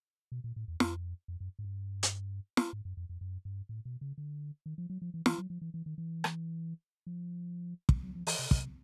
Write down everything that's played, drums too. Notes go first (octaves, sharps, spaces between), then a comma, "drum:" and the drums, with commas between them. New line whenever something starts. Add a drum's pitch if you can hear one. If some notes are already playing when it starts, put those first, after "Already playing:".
B2
A#2
A2
E2
F2, drum: snare
F2
F#2
G#2
G2
drum: hi-hat
drum: snare
G#2
F#2
F2
F2
F#2
G2
A2
B2
C#3
D3
D#3
F3
F#3
F3
E3
E3, drum: snare
F#3
F3
E3
E3
D#3
E3
drum: rim click
F3
drum: kick
F#3
F3
E3, drum: open hi-hat
C3
C3, drum: kick